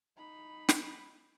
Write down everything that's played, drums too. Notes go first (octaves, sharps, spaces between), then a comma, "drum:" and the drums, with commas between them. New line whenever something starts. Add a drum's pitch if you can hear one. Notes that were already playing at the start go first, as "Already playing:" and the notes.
D#4 B5
drum: snare